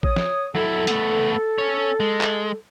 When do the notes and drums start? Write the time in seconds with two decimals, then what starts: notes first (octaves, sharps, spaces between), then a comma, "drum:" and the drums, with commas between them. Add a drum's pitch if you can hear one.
0.03 C#5 D#6, drum: kick
0.16 drum: snare
0.55 F#3 E4 A4
0.87 A3 B3, drum: hi-hat
1.58 C#4 C#5
2.00 G#3
2.21 drum: clap